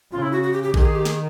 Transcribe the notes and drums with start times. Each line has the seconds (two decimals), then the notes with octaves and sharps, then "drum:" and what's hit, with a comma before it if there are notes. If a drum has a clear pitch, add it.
0.11 C#3 F4
0.22 E4
0.32 F#4
0.43 F#4
0.53 G4
0.63 G4
0.74 D#3 G#4, drum: kick A#1
0.80 G4
0.85 G#4
0.95 G4
1.05 G#4, drum: snare